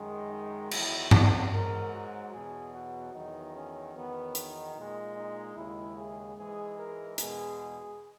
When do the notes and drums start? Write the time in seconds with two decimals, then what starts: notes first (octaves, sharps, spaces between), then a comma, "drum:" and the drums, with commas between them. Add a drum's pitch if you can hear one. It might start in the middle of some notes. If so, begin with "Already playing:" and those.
Already playing: F#2 D#3 G#3
0.31 D#4
0.71 E2 D#3 F#3 E4, drum: cymbal
1.11 F#4, drum: tom G2
1.52 G#2 F#3 A#4
1.93 F#4
2.33 E2 B2 F#3 G#4
2.74 F#4
3.14 E2 D#3 F#3 D#4
3.55 C#4
3.95 E2 D#3 F#3 B3
4.35 D#4, drum: hi-hat
4.76 A#2 G#3 D#4
5.16 D#4
5.56 D#2 C#3 G#3 E4
5.97 G#4
6.37 G#2 E3 G#3 G#4
6.78 A#4
7.18 E2 B2 G#3 G#4, drum: hi-hat